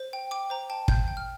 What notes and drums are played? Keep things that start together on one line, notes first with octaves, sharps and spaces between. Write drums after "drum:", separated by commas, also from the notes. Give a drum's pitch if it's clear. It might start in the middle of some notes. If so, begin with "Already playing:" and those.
Already playing: C5
G5
G5 D6
C5 A#5
G5 A5
G5 G6, drum: kick
G5
F6